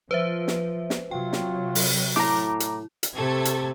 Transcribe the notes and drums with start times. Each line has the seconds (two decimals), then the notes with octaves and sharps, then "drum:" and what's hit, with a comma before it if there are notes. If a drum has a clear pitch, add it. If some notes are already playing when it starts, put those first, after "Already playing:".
0.11 F3 B4 C5 E5
0.48 drum: snare
0.90 drum: snare
1.11 C3 F#3 F4 G5
1.33 drum: snare
1.75 drum: open hi-hat
2.16 A2 E4 A#5 D6, drum: snare
2.60 drum: hi-hat
3.03 drum: hi-hat
3.15 C3 A3 A4 G#6
3.45 drum: hi-hat